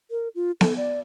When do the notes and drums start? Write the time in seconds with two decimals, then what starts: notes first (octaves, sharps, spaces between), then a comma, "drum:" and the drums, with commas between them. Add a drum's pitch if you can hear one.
0.11 A#4
0.35 F4
0.61 A4, drum: snare B3
0.77 D5